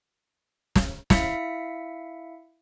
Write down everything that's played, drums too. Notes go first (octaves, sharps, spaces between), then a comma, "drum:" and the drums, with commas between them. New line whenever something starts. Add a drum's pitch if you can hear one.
drum: snare
E4 E5 F5 B6 C#7, drum: snare